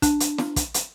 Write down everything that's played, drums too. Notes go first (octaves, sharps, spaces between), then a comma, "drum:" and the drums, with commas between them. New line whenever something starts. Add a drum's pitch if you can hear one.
D4, drum: kick, hi-hat
drum: hi-hat
drum: snare
drum: kick, hi-hat
drum: hi-hat